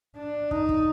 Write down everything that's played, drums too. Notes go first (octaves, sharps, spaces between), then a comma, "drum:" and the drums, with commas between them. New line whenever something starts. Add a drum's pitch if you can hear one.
D4
D#4, drum: kick
drum: kick